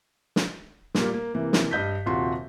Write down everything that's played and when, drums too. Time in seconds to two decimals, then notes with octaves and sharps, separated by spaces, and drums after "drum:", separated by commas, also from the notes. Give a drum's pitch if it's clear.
0.36 drum: snare
0.95 A#2 G3 A#3, drum: snare
1.14 A#3
1.34 C3 E3 A#3
1.53 drum: snare
1.71 G2 D#5 G6 B6
2.06 D#1 C3 F4 F#4 C6